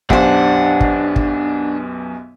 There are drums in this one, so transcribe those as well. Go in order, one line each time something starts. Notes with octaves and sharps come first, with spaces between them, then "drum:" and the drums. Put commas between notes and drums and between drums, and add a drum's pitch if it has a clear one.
B1 F#2 B2 D4 G4 C5 F#5, drum: kick
drum: kick
drum: kick